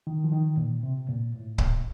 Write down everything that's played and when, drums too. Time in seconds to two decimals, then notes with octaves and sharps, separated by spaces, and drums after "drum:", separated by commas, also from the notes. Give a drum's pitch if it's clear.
0.07 D#3
0.24 F3
0.32 D#3
0.57 A#2
0.83 C3
1.08 A#2
1.34 A2
1.58 A#2, drum: kick C#1